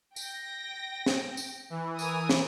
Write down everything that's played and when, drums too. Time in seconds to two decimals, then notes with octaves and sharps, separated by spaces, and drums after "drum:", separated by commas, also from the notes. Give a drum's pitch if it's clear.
0.16 G5 A#6, drum: tambourine
1.06 drum: snare
1.37 drum: tambourine
1.70 E3
1.99 A#4 G#5 D#6, drum: tambourine
2.29 drum: snare